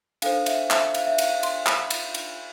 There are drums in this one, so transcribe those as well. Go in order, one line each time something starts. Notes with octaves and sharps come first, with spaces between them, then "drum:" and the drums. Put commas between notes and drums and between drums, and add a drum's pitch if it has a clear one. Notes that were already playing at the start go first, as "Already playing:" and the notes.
D4 A4 C5 F5, drum: cymbal
E5, drum: cymbal
E5, drum: clap
F5, drum: cymbal
E5
F5, drum: cymbal
C6, drum: cymbal
B5, drum: clap
drum: cymbal
drum: cymbal